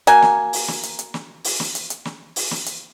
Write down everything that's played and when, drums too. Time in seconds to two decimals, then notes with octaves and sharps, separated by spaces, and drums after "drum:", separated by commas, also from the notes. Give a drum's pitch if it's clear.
0.07 A#3 F#4 G#5, drum: hi-hat
0.22 drum: snare
0.53 drum: open hi-hat
0.68 drum: snare
0.83 drum: hi-hat
0.99 drum: hi-hat
1.14 drum: snare
1.44 drum: open hi-hat
1.60 drum: snare
1.75 drum: hi-hat
1.90 drum: hi-hat
2.05 drum: snare
2.36 drum: open hi-hat
2.51 drum: snare
2.66 drum: hi-hat